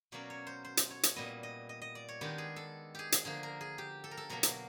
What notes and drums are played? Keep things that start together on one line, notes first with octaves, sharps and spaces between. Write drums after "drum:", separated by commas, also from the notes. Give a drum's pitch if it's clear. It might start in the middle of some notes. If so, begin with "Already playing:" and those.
B2 F#3 A#3 C#4 D5
C#5
C5
C5
drum: hi-hat
C#5
drum: hi-hat
A#2 G3 B3 D#5
D#5
D#5
D#5
D5
C#5
D#3 G#3 B3 D4 G4
G#4
A4
G4 G#4
drum: hi-hat
D3 F3 A#3 G#4
A#4
G#4
G4
A4
A#4
A4
B2 F#3 A#3 A#4
drum: hi-hat